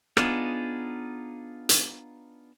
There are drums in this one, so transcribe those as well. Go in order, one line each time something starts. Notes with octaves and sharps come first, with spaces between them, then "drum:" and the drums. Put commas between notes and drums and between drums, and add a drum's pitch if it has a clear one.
B3 D4 D#4 F4 G#4, drum: rim click
drum: hi-hat